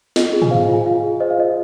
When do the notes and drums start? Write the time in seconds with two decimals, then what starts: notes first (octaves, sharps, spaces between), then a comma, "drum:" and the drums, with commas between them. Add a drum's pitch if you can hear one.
0.16 F4 D#5, drum: snare
0.33 G#4
0.42 G#5, drum: tom
0.51 C5 F5
0.68 F4
0.74 G#5
0.86 F4 F5
1.03 G#4
1.20 C5 D#5
1.30 F5
1.38 F4 D#5